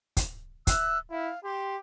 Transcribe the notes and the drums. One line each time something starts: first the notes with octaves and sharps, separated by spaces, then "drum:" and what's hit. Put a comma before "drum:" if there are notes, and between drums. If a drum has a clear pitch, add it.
drum: kick, hi-hat
E5 E6 F#6, drum: kick, hi-hat
E4 F5
G4 C6